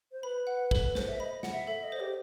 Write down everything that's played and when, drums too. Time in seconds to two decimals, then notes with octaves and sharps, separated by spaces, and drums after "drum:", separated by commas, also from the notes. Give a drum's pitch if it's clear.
0.12 C5
0.23 B4 B5
0.47 F#5
0.71 A4, drum: kick
0.95 C5, drum: snare
1.08 E5
1.20 D#5 B5
1.43 F#5, drum: snare
1.52 E5
1.67 A4 E5
1.84 D#5
1.92 C5
2.00 G4